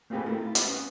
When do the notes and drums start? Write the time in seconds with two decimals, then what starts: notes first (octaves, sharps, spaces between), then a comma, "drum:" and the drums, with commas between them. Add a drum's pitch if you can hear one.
0.10 A3 A#3 C4 G4 G#4 B4
0.26 A3 E4 F4 A#4
0.41 E4 F4
0.55 B4, drum: hi-hat
0.67 B3 C#4